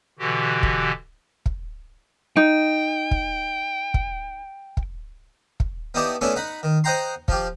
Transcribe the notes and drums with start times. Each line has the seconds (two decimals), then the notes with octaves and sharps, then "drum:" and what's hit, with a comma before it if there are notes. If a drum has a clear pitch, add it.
0.19 B2 D3 E3 F#4 G4
0.63 drum: kick
1.46 drum: kick
2.37 D#4 G5
3.11 drum: kick
3.94 drum: kick
4.77 drum: kick
5.60 drum: kick
5.94 B3 D#4 E4 G4 D5 A5
6.21 A3 B3 C#4 D4 E4 A4
6.36 D#4 F#5 B5
6.63 D#3
6.84 C5 D#5 F#5 G5 A#5 C6
7.28 F3 F4 G4, drum: kick